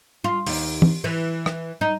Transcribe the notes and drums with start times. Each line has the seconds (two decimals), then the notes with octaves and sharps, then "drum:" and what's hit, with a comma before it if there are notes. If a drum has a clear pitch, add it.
0.24 F4
0.46 D#2, drum: open hi-hat
0.82 drum: tom
1.04 E3
1.46 drum: rim click
1.81 D#4